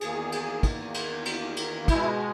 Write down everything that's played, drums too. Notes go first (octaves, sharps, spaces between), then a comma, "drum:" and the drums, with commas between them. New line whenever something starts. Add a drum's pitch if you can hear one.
E2 D#3 A#3 G#4, drum: cymbal
drum: cymbal
drum: kick, cymbal
drum: cymbal
drum: cymbal
drum: cymbal
B2 G#3 E4, drum: kick, cymbal